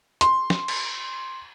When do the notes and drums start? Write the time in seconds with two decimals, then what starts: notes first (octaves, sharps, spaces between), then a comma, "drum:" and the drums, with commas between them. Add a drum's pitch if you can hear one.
0.21 C6, drum: hi-hat
0.50 drum: snare
0.68 drum: cymbal